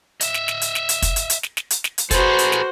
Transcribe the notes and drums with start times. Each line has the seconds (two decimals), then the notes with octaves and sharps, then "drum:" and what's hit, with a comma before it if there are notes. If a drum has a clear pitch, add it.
0.21 D#5 E5, drum: hi-hat
0.34 drum: snare
0.48 drum: snare
0.62 drum: hi-hat
0.75 drum: snare
0.89 drum: hi-hat
1.02 drum: kick, hi-hat
1.16 drum: hi-hat
1.30 drum: hi-hat
1.43 drum: snare
1.57 drum: snare
1.70 drum: hi-hat
1.84 drum: snare
1.98 drum: hi-hat
2.11 F#4 G#4 A4 B4 C5, drum: kick, hi-hat
2.39 drum: hi-hat
2.52 drum: snare